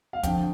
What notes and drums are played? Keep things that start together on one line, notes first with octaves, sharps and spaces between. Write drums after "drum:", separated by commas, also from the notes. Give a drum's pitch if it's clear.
F5
F2 D3 G5, drum: kick, hi-hat